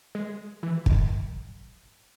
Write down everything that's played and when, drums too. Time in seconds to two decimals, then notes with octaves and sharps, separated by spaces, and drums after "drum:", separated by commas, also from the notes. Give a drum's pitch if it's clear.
0.15 G#3
0.63 E3
0.86 D#3, drum: kick